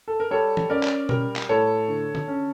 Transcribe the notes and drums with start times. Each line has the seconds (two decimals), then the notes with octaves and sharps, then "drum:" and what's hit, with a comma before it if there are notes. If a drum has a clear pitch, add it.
0.08 A4
0.20 A#4
0.31 G3 A4 C#5
0.57 drum: tom E3
0.70 C#4 A#4 D5
0.83 drum: clap
1.09 G3 A#4, drum: tom B2
1.36 drum: clap
1.49 A2 A4 C#5
1.88 D3
2.15 drum: tom
2.28 C#4